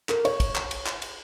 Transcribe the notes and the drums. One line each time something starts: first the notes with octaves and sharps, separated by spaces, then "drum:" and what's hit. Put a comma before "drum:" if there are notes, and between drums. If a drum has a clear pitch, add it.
A#4, drum: clap
C#5, drum: cymbal
drum: kick, cymbal
drum: clap
drum: cymbal
drum: clap
drum: cymbal